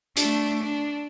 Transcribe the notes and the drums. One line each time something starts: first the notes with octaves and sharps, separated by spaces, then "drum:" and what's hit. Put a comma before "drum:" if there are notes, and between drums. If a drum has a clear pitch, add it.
A3 D4, drum: hi-hat
D4